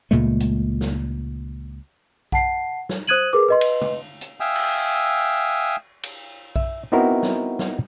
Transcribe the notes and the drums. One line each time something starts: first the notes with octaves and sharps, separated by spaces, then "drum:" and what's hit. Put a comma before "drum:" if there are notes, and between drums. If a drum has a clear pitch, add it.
C#2 A#2 G#3 A3
drum: hi-hat
drum: snare
F#5 A5 C7, drum: kick B1
drum: snare
C5 D#6 F#6 G#6 D#7 F#7
G#4 A#4 B4 D6
B4 D#5 C6
drum: cymbal
drum: tom C#3
drum: hi-hat
E5 F5 G5 G#5 D#6 E6
drum: cymbal
drum: cymbal
E5, drum: kick B1
B3 C4 D#4 E4 F#4 A#4
drum: snare
drum: snare